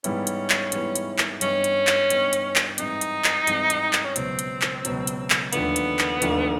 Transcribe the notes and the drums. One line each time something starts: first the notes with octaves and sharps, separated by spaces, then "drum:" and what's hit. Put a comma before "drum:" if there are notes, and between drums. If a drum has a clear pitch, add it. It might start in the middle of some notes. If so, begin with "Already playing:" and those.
G#2 E3 G3 B3 C#4 E4, drum: hi-hat
drum: hi-hat
drum: clap
G#2 E3 G3 B3 E4, drum: hi-hat
drum: hi-hat
drum: clap
G2 E3 G3 B3 C#4 D#4, drum: hi-hat
drum: hi-hat
drum: clap
G2 E3 G3 B3 D#4, drum: hi-hat
drum: hi-hat
drum: clap
G#2 E3 G3 C4 D#4, drum: hi-hat
drum: hi-hat
drum: clap
G#2 E3 G3 C4, drum: hi-hat
drum: hi-hat
drum: clap
C#4
C#2 B2 F#3 C4, drum: hi-hat
drum: hi-hat
drum: clap
C#2 B2 F#3, drum: hi-hat
drum: hi-hat
drum: clap
D#2 D3 F3 A3 B3 D4, drum: hi-hat
drum: hi-hat
drum: clap
D#2 D3 F3 A3 D4, drum: hi-hat